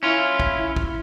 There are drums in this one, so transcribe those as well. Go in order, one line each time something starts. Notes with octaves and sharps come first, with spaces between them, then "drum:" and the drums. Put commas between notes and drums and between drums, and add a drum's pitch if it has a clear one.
C#4 E4 F4
drum: kick
drum: kick